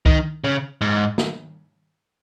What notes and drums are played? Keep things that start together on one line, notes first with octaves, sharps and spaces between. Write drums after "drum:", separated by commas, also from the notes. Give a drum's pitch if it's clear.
D#3, drum: kick
C#3
G#2
drum: snare